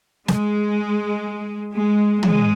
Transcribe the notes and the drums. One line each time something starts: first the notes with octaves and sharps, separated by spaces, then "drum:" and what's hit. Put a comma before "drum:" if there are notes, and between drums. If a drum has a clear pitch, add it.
G#3, drum: snare
G#3
G#3, drum: tom